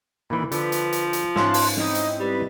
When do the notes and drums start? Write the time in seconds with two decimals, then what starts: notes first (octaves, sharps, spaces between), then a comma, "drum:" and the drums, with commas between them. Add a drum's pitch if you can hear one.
0.30 A#2 D#3 E3 B5
0.52 D3 F3 B4, drum: hi-hat
0.72 drum: hi-hat
0.93 drum: hi-hat
1.13 drum: hi-hat
1.36 G#2 C#4 E5 F5 A5 C6 F#6, drum: snare
1.54 drum: open hi-hat
1.77 C4 D#4 E4 D#5, drum: snare
1.95 drum: hi-hat
2.20 G3 B4